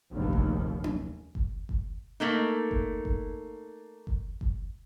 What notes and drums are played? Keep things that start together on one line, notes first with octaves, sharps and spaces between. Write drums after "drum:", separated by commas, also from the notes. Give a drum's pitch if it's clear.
F1 A#1 D#2
drum: kick G1
drum: tom C#4
drum: kick G1
drum: kick G1
A3 A#3 D#4
drum: kick G1
drum: kick G1
drum: kick G1
drum: kick G1